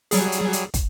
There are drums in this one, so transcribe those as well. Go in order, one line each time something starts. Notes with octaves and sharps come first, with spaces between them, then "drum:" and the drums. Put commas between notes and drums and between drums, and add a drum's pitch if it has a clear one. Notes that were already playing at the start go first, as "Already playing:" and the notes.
F#3 G3 G#4, drum: open hi-hat
drum: hi-hat
drum: hi-hat
drum: kick, hi-hat